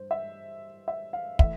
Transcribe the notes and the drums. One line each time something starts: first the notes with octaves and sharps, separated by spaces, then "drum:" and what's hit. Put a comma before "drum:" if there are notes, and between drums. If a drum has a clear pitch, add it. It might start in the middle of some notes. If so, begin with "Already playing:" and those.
Already playing: G2 C5
E5
E5
F5
E3 A3 E5, drum: kick